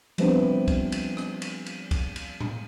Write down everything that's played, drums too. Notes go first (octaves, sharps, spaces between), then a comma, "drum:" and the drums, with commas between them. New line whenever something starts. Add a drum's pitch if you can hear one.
F3 G3 A3 B3 C4 D4, drum: cymbal
drum: tom C3
drum: kick, cymbal
drum: cymbal
drum: rim click
drum: cymbal
drum: cymbal
drum: kick, cymbal
drum: cymbal
drum: tom A2